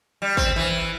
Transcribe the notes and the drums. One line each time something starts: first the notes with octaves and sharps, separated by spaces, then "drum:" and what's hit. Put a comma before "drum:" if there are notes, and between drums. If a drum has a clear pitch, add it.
G3
C4, drum: kick
E3